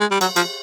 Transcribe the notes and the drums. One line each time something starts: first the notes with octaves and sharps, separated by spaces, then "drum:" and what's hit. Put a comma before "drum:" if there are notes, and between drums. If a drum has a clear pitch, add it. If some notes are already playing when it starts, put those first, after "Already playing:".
G#3
G3
F#3, drum: cymbal
F3, drum: cymbal